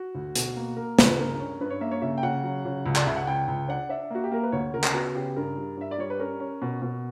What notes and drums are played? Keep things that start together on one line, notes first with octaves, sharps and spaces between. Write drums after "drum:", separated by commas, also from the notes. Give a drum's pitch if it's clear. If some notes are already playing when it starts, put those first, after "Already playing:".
Already playing: F#4
D2
B2, drum: hi-hat
A#3
A#3 A#4
C#2 B4, drum: snare
G2 A#4
C#4
G2 B4
C#5
A#3 E5
C#5
C#3 E5
G5
C#3 F#5
F#3
C#3
C#2
D5, drum: clap
C#2 E5
F#5
C#2 G5
C#2
D4 F#5
D4 E5
A#3 F#4
G4
A#3 A#4
B4
D2 C#5
C#3 A#4
drum: clap
B3 F#4
C#3 G4
G2 A#4
G3
G2 E5
D5
G3 C#5
B4
C#4 A#4
C#4
B2
B2